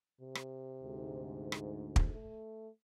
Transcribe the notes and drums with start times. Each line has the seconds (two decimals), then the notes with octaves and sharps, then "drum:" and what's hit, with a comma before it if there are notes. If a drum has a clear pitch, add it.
0.21 C3
0.35 drum: rim click
0.83 D2 G#2
1.52 drum: rim click
1.96 drum: kick
2.11 A3